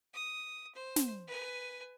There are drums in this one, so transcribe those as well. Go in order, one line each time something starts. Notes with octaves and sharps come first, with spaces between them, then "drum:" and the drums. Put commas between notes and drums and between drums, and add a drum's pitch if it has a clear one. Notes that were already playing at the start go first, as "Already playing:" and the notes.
D#6
C5
drum: snare
B4 G#5